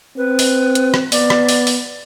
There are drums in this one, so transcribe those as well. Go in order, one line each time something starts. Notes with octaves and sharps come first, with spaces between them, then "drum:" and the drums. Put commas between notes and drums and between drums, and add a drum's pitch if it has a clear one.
C4 B4
drum: open hi-hat
drum: hi-hat
drum: rim click
B3 D5, drum: open hi-hat
drum: rim click
drum: open hi-hat
drum: open hi-hat